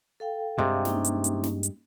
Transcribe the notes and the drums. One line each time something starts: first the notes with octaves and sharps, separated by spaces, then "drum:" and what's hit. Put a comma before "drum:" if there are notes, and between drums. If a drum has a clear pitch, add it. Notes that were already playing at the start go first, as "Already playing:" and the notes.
A4 F5 G5
G2 C3 G3 G#3 F5
A#3 C#4 D#4, drum: snare
drum: hi-hat
drum: hi-hat
drum: snare
drum: hi-hat